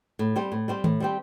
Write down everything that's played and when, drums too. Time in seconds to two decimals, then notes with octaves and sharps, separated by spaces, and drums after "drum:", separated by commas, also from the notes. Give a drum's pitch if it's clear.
0.19 A2
0.36 G3 C4 G4
0.52 A2
0.68 G3 C4 G4
0.84 A2, drum: tom D#3
1.00 G3 C4 G4